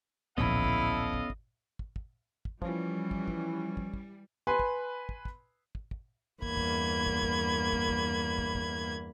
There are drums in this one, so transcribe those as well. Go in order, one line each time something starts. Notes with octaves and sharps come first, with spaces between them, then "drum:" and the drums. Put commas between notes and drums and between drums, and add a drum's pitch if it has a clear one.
D1 A#1 B3 C#4 E4 A4 D#5 F5
drum: kick
drum: kick
drum: kick
drum: kick
drum: kick
drum: kick
drum: kick
E3 F3 G3 C#4, drum: kick
drum: kick
drum: kick
drum: kick
drum: kick
B4 G#5 B5 C6
drum: kick
drum: kick
drum: kick
drum: kick
drum: kick
E2 G2 A#3 B5 G#6, drum: kick
drum: kick
drum: kick
drum: kick
drum: kick
drum: kick
drum: kick
drum: kick